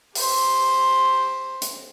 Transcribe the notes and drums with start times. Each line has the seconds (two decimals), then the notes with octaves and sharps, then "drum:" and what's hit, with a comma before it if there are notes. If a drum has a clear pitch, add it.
0.15 G4 C5, drum: open hi-hat
1.62 drum: hi-hat